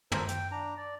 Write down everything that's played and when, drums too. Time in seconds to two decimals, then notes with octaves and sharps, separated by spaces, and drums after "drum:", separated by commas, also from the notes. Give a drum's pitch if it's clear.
0.12 A4 A#4 C5, drum: tom
0.28 G5, drum: hi-hat
0.51 D4 A#5
0.77 D5